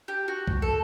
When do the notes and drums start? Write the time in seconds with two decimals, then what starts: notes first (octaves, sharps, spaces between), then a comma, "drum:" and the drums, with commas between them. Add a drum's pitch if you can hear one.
0.08 G4
0.28 F#4
0.47 drum: kick C2
0.62 A4